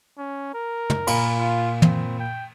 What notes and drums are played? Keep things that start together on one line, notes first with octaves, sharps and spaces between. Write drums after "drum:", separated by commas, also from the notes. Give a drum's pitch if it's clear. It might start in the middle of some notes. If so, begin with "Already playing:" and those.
C#4
A#4
drum: tom
A#2 F5 B5, drum: cymbal
F4
C4, drum: tom
G5